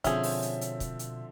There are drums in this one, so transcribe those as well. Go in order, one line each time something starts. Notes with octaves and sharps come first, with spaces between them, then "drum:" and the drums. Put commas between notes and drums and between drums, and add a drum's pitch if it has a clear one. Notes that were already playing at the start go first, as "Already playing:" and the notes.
B2 D3 F3 C4 C#4 G#4 E5, drum: kick, hi-hat
drum: open hi-hat
drum: hi-hat
drum: hi-hat
drum: kick, hi-hat
drum: hi-hat